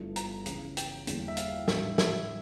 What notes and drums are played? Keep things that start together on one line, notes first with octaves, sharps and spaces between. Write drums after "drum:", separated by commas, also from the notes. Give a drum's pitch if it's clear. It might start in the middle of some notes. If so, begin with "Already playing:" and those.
Already playing: G1 G2 F3 A3 E4
A#5, drum: hi-hat
C#2 C#3 E3, drum: hi-hat
G5, drum: hi-hat
E2 D3 G3 A#3 D4, drum: hi-hat
E5
F5, drum: hi-hat
A2 E3 G3 D4 E5, drum: snare
E5, drum: snare